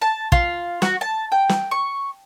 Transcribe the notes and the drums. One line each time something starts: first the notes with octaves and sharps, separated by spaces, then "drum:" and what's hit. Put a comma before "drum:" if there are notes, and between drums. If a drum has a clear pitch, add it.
A5
F4, drum: kick
F#4, drum: snare
A5
G5
drum: snare
C#6